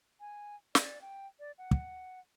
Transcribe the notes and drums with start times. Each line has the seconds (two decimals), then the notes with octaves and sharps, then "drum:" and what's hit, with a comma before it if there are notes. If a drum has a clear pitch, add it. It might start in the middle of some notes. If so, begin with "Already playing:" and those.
0.20 G#5
0.75 D5, drum: snare
1.01 G5
1.40 D5
1.58 F#5
1.71 drum: kick